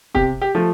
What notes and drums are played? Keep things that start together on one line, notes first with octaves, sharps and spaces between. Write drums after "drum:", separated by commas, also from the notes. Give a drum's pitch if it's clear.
C3 G4, drum: kick
G4
F3 A3